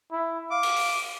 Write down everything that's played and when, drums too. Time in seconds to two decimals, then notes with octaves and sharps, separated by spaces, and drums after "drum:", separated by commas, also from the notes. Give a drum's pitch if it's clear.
0.12 E4
0.51 F5 D6
0.63 drum: cymbal
0.76 drum: open hi-hat